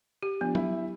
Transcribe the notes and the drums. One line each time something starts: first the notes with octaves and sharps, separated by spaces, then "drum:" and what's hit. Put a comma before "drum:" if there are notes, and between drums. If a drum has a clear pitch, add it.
G4
F3 B3 D4
E4 E5, drum: tom F#3